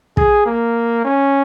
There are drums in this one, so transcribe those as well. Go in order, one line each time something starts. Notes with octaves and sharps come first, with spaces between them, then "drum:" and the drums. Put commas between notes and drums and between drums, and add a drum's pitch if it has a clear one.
G#4, drum: kick
A#3
C#4